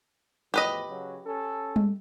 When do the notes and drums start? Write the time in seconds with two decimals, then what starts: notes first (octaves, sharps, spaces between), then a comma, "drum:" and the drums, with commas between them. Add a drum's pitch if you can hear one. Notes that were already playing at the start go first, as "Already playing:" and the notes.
0.54 E2 A2 F3 G4 B4 D#5
0.88 C#3 F#3
1.26 C#4 A4
1.76 drum: tom G3